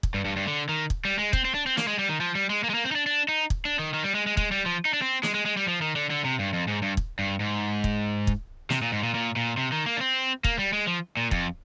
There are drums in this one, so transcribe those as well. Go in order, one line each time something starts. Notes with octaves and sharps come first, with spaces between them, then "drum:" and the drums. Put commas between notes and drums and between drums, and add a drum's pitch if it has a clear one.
drum: kick
G2
G2
G2
D3
D#3
drum: kick
G3
G#3
C4, drum: kick
C4
D4
C4
A#3, drum: snare
G#3
G3
D#3
F3
G3
G#3
A#3
G#3
A#3
C4
D#4
D4
D4
D#4
drum: kick
D4
D#3
D#3
G3
G#3
G#3
G#3, drum: kick
G3
F3
D#4
D4
C4
G#3, drum: snare
G#3
G#3
G3
F3
D#3
D3
D3
C3
G2
F2
G#2
G2
drum: kick
G2
G#2
drum: kick
drum: kick
C3, drum: snare
A#2
G#2
A#2
A#2
A#2
C3
D#3
A#3
D4
C4
A#3, drum: kick
G3
G#3
F3
A#2
F2, drum: kick